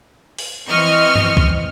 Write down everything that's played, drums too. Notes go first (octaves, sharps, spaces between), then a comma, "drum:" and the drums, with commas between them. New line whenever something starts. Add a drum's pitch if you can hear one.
drum: open hi-hat
E3 C4 D#5 C#6 F6
drum: tom G2
drum: kick C2